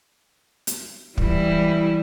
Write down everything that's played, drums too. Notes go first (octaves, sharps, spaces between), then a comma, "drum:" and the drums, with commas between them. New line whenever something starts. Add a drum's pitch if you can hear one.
drum: hi-hat
E3 G3 E4, drum: kick